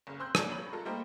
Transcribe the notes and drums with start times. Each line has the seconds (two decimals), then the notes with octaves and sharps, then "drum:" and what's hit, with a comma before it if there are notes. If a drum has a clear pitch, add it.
0.07 F#1 C#3
0.19 C4 C5 C6 E6 F#6 G6
0.35 A#3 C#4 D4 G#4 D5, drum: rim click
0.49 G#1 F#3 C#5 B5 F#7
0.73 G#3 F4 A4 A#4
0.85 G3 A3 A#3 D#4 G4 C5